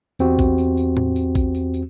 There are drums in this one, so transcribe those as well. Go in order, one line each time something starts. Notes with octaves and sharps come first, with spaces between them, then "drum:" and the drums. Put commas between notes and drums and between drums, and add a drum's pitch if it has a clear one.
E2 C4 F#4 G4, drum: tambourine
drum: kick A#1, tambourine
drum: tambourine
drum: tambourine
drum: tom A2
drum: tambourine
drum: kick A#1, tambourine
drum: tambourine
drum: tambourine